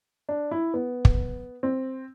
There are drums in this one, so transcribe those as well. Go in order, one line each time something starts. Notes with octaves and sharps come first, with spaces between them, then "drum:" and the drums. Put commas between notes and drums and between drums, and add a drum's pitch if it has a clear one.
D4
E4
B3
drum: kick
C4